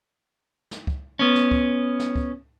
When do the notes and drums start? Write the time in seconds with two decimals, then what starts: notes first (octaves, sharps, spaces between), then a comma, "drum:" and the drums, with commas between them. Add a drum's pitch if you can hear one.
0.71 drum: snare
0.87 drum: kick C#2
1.19 B3 C#4
1.35 drum: snare
1.51 drum: kick C#2
2.00 drum: snare
2.16 drum: kick C#2